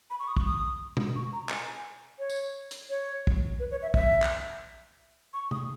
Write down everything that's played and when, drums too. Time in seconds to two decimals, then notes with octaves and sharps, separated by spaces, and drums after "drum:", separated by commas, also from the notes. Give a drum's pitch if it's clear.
0.10 B5
0.20 C#6
0.28 D#6
0.37 C#6, drum: kick
0.45 D#6
0.97 drum: tom B2
1.16 C#6
1.33 A#5
1.49 G#5, drum: clap
2.19 C#5
2.30 drum: tambourine
2.71 drum: hi-hat
2.90 C#5
3.27 drum: kick
3.60 B4
3.71 C#5
3.82 E5
3.94 E5, drum: kick
4.22 drum: clap
5.33 C#6
5.51 D#6, drum: tom C3